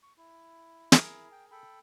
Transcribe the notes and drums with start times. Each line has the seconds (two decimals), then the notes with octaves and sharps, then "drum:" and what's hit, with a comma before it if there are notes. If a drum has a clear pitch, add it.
0.03 C#6
0.17 E4
0.92 G#4 A#4, drum: snare
1.32 G5
1.51 A4 G5 B5